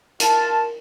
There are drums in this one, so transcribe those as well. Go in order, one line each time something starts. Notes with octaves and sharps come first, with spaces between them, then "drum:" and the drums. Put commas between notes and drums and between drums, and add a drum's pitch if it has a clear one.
F4 A#4 A5, drum: hi-hat